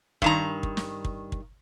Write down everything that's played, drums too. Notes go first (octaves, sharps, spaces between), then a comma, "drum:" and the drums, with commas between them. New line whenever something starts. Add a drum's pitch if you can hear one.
G2 D#3 A#5, drum: kick
drum: kick
drum: snare
drum: kick
drum: kick